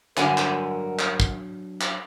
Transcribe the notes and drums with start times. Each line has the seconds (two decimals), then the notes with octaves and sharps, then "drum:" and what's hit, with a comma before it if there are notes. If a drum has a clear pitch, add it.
0.17 G2 D3 F#3 D4 F#4 A#4 G#5, drum: clap
0.38 drum: clap
0.99 drum: clap
1.20 drum: kick
1.81 drum: clap